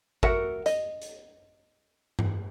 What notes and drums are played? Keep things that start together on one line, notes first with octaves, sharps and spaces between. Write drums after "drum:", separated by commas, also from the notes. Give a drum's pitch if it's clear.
F#4 A4 A#4 E5 F#5, drum: kick G#1
D#5, drum: hi-hat
drum: hi-hat
drum: tom G2